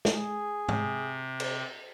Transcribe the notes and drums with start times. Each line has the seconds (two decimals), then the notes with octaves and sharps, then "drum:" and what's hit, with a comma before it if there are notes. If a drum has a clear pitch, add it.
0.05 drum: snare
0.15 G#4
0.69 C3, drum: tom G#2
1.40 drum: cymbal